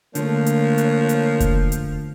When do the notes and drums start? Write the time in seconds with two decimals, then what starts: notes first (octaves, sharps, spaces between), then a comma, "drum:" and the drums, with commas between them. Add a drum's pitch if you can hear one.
0.15 D3 F3 A3 A#3 C#5, drum: hi-hat
0.46 drum: hi-hat
0.78 drum: hi-hat
1.09 drum: hi-hat
1.40 drum: kick F1, hi-hat
1.72 drum: hi-hat